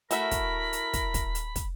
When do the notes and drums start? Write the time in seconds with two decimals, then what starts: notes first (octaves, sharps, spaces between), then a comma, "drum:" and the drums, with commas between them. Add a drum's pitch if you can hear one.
0.11 A3 E4 F#4 A#4 E5 B5, drum: hi-hat
0.31 drum: kick, hi-hat
0.73 drum: hi-hat
0.93 drum: kick, hi-hat
1.14 drum: kick, hi-hat
1.35 drum: hi-hat
1.56 drum: kick, hi-hat